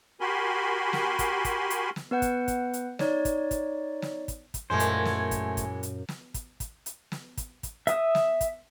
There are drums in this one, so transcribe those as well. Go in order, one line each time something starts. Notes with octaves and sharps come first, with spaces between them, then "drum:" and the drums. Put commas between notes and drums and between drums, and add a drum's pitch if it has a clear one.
F#4 G4 A#4 G#5 B5 C6
drum: snare
drum: kick, hi-hat
drum: kick, hi-hat
drum: hi-hat
drum: snare
B3 B4 F#5 G6
drum: kick, hi-hat
drum: kick, hi-hat
drum: hi-hat
D#4 C#5 D5, drum: snare
drum: kick, hi-hat
drum: kick, hi-hat
drum: snare
drum: kick, hi-hat
drum: kick, hi-hat
F#2 A#2 E3 G#3 A3 C#4 C5
drum: hi-hat
drum: snare
drum: kick, hi-hat
drum: kick, hi-hat
drum: hi-hat
drum: snare
drum: kick, hi-hat
drum: kick, hi-hat
drum: hi-hat
drum: snare
drum: kick, hi-hat
drum: kick, hi-hat
E5 D#6, drum: hi-hat
drum: snare
drum: kick, hi-hat